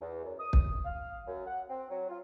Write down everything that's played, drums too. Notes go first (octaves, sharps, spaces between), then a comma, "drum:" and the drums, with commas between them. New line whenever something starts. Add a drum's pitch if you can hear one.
E2
F#2
D#6
drum: kick
F5
F#2
F#5
C4
F#3
F4